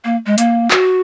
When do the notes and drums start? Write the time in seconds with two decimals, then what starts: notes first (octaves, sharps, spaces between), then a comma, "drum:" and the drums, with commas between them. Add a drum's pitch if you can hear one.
0.04 A#3
0.26 G#3
0.38 A#3, drum: hi-hat
0.71 F#4, drum: clap